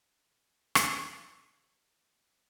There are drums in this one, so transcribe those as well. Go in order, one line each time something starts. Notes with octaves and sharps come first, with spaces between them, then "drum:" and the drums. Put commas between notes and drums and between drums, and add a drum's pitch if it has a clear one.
E2 C#3 F3 G#3 G#4 G#5
drum: rim click
E1 D#2 C#3 G4 G5
G4 G5
C#4 C#5
F#4
G3 G4